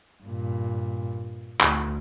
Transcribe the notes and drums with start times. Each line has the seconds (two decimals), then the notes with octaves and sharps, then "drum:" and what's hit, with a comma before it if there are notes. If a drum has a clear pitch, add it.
0.24 G2 A#2
1.61 D2, drum: clap